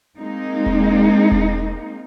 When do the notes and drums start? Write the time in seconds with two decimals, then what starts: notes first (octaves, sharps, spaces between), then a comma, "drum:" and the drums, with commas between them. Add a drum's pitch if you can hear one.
0.17 G#3 A#3 C4 D#4
0.66 drum: kick E1
1.32 drum: kick E1